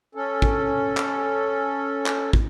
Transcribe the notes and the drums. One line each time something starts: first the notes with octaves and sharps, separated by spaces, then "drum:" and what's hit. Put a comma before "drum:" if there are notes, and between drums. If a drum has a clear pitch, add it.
C#4 A4
drum: kick
drum: clap
drum: clap
drum: kick